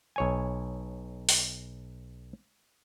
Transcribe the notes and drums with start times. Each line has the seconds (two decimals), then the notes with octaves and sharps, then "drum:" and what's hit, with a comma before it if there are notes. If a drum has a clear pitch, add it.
0.16 B1 C#5 G#5
1.29 drum: open hi-hat